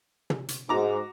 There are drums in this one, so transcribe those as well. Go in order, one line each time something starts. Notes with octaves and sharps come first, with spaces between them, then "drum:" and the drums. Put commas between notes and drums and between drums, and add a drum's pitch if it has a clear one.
drum: tom
drum: hi-hat
G#2 F#4 A#5 D6